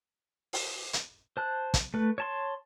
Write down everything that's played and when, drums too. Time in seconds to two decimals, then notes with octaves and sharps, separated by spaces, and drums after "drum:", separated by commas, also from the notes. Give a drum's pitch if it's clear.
0.53 drum: open hi-hat
0.93 drum: hi-hat
1.37 C5 A5 F#6
1.74 drum: kick, hi-hat
1.94 A3 B4
2.18 C#5 A5 C6